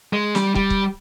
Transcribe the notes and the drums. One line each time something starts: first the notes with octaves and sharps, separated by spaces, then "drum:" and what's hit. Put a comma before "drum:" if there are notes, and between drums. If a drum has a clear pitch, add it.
G#3
G3, drum: snare
G3, drum: kick
drum: kick